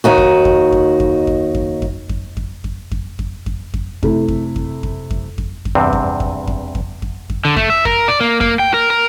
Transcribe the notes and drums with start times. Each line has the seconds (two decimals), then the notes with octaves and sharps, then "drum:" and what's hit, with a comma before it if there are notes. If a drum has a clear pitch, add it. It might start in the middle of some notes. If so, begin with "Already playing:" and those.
0.04 D#2 D#4 F#4
0.18 drum: kick F2
0.45 drum: kick F2
0.72 drum: kick F2
1.00 drum: kick F2
1.27 drum: kick F2
1.55 drum: kick F2
1.82 drum: kick F2
2.09 drum: kick F2
2.37 drum: kick F2
2.64 drum: kick F2
2.91 drum: kick F2
3.19 drum: kick F2
3.46 drum: kick F2
3.74 drum: kick F2
4.03 C3 A3 E4, drum: kick F2
4.28 drum: kick F2
4.56 drum: kick F2
4.83 drum: kick F2
5.11 drum: kick F2
5.38 drum: kick F2
5.65 drum: kick F2
5.75 E2 G2 C3 C4
5.93 drum: kick F2
6.20 drum: kick F2
6.47 drum: kick F2
6.75 drum: kick F2
7.02 drum: kick F2
7.30 drum: kick F2
7.45 D3
7.57 A3, drum: kick F2
7.70 E5
7.85 A#4, drum: kick F2
8.08 D5
8.21 A#3
8.41 A#3, drum: kick F2
8.59 G5
8.74 A#4
8.90 A#4